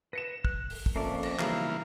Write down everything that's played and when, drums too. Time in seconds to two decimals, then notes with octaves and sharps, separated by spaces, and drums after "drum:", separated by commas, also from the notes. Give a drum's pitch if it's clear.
0.13 B4 A#6 C#7 E7
0.45 F#6, drum: kick
0.70 drum: open hi-hat
0.86 drum: kick
0.96 F2 A#3 C#4 A4 D5 E5
1.23 drum: cymbal
1.39 B1 C#3 E3 G3 A#3 F5, drum: clap